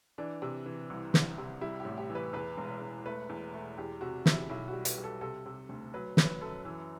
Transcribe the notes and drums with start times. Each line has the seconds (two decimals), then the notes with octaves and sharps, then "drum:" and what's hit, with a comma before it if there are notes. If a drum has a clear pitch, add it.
0.18 E3 D4
0.42 C3
0.66 E3
0.90 C2
1.14 C2, drum: snare
1.38 C3
1.61 G3 E4
1.80 G4
1.85 A1
1.98 G4
2.10 E3
2.15 B4
2.33 E2 B4
2.57 E1
2.82 E1
3.06 A3 B4
3.29 E2
3.54 A3
3.78 E2 G4
4.01 C3 F#4
4.26 C3 E4, drum: snare
4.49 B1 E4
4.68 G3 F#4
4.85 B4, drum: hi-hat
4.97 G3
5.04 A4
5.21 C3 A4
5.46 C3
5.69 D2
5.94 F#3 B4
6.17 F#3 B4, drum: snare
6.41 F#2 A4
6.65 E3